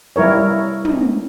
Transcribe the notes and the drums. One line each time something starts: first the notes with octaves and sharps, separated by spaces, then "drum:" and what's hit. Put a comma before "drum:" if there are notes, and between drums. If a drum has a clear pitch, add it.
G3 E4 A#4 C#5
drum: tom